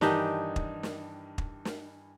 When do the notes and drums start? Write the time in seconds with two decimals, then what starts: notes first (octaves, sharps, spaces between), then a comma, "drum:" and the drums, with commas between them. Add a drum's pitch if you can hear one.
0.01 G2 D#3 E3 D4 D#4 G4, drum: snare
0.56 drum: kick
0.83 drum: snare
1.38 drum: kick
1.65 drum: snare